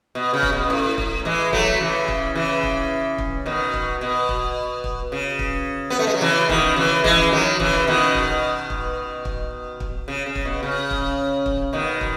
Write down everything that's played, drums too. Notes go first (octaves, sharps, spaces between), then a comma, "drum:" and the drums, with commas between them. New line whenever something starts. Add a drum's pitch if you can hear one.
B2
C#3
drum: kick
B2
A2
drum: kick
E3 G#3
F#3 A3, drum: kick
C#3 E3
drum: kick
C#3 E3
drum: kick
drum: kick
B2 D#3
drum: kick
B2
drum: kick
drum: kick
C#3
drum: kick
B3
A3
G#3
F#3
C#3 E3
B2 D#3, drum: kick
C#3 E3
E3 G#3, drum: kick
D#3 F#3
C#3 E3, drum: kick
B2 D#3
drum: kick
drum: kick
drum: kick
drum: kick
C#3
C#3
drum: kick
B2
C#3
drum: kick
drum: kick
B2 D#3
drum: kick